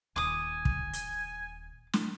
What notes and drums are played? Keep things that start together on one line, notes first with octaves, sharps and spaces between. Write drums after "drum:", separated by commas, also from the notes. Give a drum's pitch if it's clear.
D#1 G#5 D6 D#6
drum: kick
drum: hi-hat
drum: snare